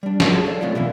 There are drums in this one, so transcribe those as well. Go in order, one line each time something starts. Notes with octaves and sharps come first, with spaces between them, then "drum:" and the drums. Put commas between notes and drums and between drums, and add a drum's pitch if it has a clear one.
G3 D4
C#4, drum: snare
G#4 C#5 A5
F#3 A4 D5 F5
F#3 A3 C4 C#4 F4 D5
B2 D3 E3 A#3 E4 A4